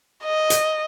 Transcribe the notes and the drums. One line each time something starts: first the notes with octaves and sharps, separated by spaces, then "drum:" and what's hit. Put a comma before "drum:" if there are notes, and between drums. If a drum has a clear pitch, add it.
D#5
drum: hi-hat